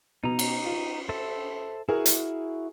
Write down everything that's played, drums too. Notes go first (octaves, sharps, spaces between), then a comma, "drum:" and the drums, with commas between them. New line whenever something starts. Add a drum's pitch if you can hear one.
B2 D#4 A#5
drum: cymbal
F4
A4 C5 E5
E4 F#4 G#4 A#4 G#5
drum: hi-hat